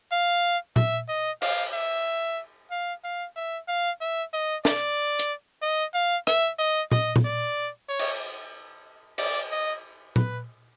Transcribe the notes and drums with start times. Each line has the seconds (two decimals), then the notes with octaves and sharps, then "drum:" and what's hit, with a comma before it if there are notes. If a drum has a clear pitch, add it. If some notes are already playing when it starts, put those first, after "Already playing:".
0.12 F5
0.76 E5, drum: tom A#2
1.09 D#5
1.42 F5, drum: cymbal
1.73 E5
2.71 F5
3.04 F5
3.36 E5
3.68 F5
4.01 E5
4.33 D#5
4.65 D5, drum: snare
5.19 drum: hi-hat
5.62 D#5
5.94 F5
6.27 E5, drum: rim click
6.59 D#5
6.92 D#5, drum: tom A#2
7.16 drum: tom A#2
7.25 D5
7.89 C#5
7.99 drum: cymbal
9.18 D5, drum: cymbal
9.51 D#5
10.16 B4, drum: tom A#2